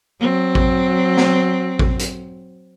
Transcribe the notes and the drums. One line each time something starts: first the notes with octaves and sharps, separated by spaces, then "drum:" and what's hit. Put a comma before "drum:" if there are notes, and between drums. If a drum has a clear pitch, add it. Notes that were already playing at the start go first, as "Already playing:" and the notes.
F#3 C4
drum: kick A1
drum: snare
drum: kick A1
drum: hi-hat